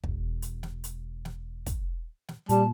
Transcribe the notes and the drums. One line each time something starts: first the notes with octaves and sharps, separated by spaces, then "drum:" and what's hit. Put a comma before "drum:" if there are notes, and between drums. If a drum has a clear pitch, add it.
E1, drum: kick
drum: hi-hat
drum: snare
drum: hi-hat
drum: snare
drum: kick, hi-hat
drum: snare
A#2 G3 A5, drum: hi-hat